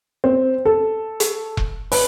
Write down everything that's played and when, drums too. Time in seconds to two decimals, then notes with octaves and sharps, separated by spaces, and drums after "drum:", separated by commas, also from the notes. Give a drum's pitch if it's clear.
0.24 C4
0.65 A4
1.20 drum: hi-hat
1.57 drum: kick E1
1.92 B4, drum: open hi-hat